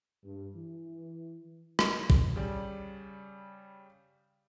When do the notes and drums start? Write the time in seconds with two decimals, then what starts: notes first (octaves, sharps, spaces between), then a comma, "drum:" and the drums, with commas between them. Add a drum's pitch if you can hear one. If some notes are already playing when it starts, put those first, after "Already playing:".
0.24 G2
0.56 E3
1.79 drum: rim click
2.10 drum: kick
2.36 C#3 G3 D5